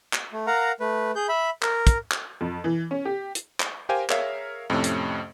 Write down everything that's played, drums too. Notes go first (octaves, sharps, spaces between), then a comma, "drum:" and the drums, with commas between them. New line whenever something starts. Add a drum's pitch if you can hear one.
drum: clap
A3
A#4 F5 F#5 A#5
A3 B4
G#4 G6
E5 B5
A#4, drum: clap
drum: kick, hi-hat
drum: clap
F2
E3
C#4
G4
drum: hi-hat
drum: clap
G4 A#4 C5 F5 G5 G#5
G#4 A#4 C#5 E5 F5, drum: clap
F2 A2 C3 A3 C#4
drum: hi-hat